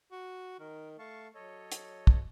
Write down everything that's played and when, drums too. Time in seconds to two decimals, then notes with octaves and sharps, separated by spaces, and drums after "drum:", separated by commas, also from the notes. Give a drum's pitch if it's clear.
0.12 F#4
0.60 D#3 A#4
0.99 A3 F5 A5 C#6
1.35 F#3 A4 C#5 D#5
1.72 drum: hi-hat
2.07 drum: kick